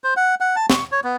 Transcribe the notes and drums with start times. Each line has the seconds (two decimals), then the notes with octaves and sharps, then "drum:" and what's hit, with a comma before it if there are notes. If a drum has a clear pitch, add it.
0.04 C5
0.17 F#5
0.40 F#5
0.56 A5
0.70 C#6, drum: snare
0.92 C#5
1.04 B3